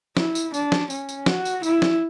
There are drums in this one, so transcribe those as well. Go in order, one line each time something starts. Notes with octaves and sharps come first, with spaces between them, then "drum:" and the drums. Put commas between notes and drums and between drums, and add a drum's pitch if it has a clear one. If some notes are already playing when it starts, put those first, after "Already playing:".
E4, drum: snare
drum: tambourine
D4, drum: tambourine
drum: snare
C#4, drum: tambourine
drum: tambourine
F#4, drum: snare
drum: tambourine
E4, drum: tambourine
drum: snare